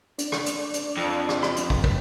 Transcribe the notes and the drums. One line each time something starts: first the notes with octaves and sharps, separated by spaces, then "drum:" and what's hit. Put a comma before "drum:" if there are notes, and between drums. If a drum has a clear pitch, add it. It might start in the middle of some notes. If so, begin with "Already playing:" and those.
D4, drum: hi-hat
drum: rim click
drum: hi-hat
drum: hi-hat
F2
drum: rim click
drum: rim click
drum: hi-hat
drum: kick
drum: kick